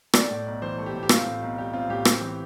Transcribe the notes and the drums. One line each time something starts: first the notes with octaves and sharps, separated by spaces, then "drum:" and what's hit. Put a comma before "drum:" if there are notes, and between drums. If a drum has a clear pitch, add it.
A3 D5, drum: rim click
A2
B1
E3 C5
A3
G4
A2
G4
C4 F4, drum: rim click
A2
B1
G3 G4
C4 F4
A2 G4
C4, drum: rim click
E3